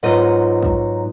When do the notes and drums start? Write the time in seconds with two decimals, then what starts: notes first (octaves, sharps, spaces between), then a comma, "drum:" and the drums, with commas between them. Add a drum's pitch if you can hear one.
0.03 G#2 F#3 B3 D#4 F4 D#5
0.62 drum: kick